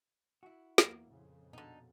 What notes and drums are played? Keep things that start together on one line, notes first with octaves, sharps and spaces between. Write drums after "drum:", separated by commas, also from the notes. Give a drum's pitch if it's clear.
E4 F#4
E2 F#3 A#3, drum: snare
F2 A#2 C#3
B2 D3 D#4